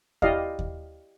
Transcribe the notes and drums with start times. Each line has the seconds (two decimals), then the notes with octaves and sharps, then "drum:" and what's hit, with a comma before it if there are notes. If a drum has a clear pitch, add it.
0.22 E4 G4 D5 D#5 F5, drum: kick D#2
0.59 drum: kick D#2